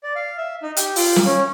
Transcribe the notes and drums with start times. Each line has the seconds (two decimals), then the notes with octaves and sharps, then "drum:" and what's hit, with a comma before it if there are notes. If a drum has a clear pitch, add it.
0.03 D5
0.16 F5
0.38 E5
0.63 D#4
0.77 G4, drum: hi-hat
0.96 F4, drum: open hi-hat
1.16 drum: snare
1.25 C#4